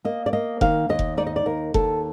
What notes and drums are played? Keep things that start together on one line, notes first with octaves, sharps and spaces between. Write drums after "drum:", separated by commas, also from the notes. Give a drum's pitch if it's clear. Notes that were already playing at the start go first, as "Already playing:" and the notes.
A#3 D#5
D5
A#3 D#5
D#3 F5, drum: kick F1
D#2 D#5
drum: kick F1
D#4 D5
D#5
D5
D#2 A#4
D#2 A4, drum: kick F1